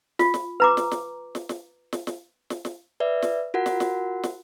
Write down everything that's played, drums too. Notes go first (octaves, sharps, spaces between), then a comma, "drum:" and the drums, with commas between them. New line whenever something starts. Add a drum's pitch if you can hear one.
F4, drum: snare
drum: snare
B4 A#5 D6
drum: snare
drum: snare
drum: snare
drum: snare
drum: snare
drum: snare
drum: snare
drum: snare
B4 D5 E5
drum: snare
F4 F#4 A#4 F#5
drum: snare
drum: snare
drum: snare